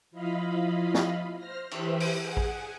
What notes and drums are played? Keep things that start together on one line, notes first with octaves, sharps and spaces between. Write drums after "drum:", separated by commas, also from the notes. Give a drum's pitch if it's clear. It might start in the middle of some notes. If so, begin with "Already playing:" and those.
F3 E4 F4 D#5 F5 B5
drum: snare
C5 F6 A#6
E3 G4 B4 C5 E5, drum: cymbal
drum: open hi-hat
G#4 F#5 G#5
drum: kick A1